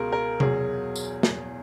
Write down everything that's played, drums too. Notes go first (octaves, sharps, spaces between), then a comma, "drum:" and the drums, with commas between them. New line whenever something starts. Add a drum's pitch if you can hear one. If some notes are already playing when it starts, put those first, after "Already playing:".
Already playing: C#2 B2 G#3 G#4 A#4
A#4
E2 B2 F#3 G#4, drum: tom C3
drum: tambourine
drum: snare